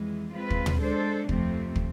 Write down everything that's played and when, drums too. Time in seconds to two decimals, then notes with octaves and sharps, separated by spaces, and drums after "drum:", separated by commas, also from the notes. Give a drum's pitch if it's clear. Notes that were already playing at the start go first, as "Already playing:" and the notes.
Already playing: F2 E3 G#3
0.35 G#3 C4 F4 B4
0.50 drum: kick
0.66 drum: tom
0.81 G#3 D4 A4 C5
1.29 F2 C3 F3 A3 C4, drum: kick
1.76 drum: kick